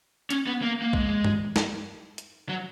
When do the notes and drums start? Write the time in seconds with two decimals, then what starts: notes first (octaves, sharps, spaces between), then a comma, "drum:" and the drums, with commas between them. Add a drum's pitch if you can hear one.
0.30 C#4, drum: hi-hat
0.47 B3
0.62 A#3
0.82 A#3
0.93 G#3, drum: kick
1.25 drum: tom G2
1.56 drum: snare
2.18 drum: hi-hat
2.49 F#3